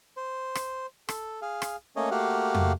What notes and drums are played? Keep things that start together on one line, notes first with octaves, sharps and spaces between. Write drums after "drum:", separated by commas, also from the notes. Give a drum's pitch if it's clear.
C5
drum: rim click
A4, drum: rim click
G#4 F5
drum: rim click
A3 A#3 C#4 C#5 D#5
A3 A#3 F#4 G4 F5 F#5
drum: tom F2